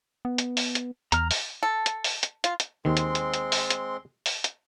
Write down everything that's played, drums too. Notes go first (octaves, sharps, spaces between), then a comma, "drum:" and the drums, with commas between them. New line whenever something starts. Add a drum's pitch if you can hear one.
B3
drum: hi-hat
drum: open hi-hat
drum: hi-hat
E2 A#5 F6, drum: hi-hat
drum: open hi-hat
A4
drum: hi-hat
drum: open hi-hat
drum: hi-hat
F4, drum: hi-hat
drum: hi-hat
D#2 D#3 G#3 C4 C6
drum: hi-hat
drum: hi-hat
drum: hi-hat
drum: open hi-hat
drum: hi-hat
drum: open hi-hat
drum: hi-hat